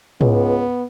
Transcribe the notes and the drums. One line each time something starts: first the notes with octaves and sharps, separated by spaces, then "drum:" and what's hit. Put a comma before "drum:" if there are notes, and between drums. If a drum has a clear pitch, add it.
C#2 B3, drum: tom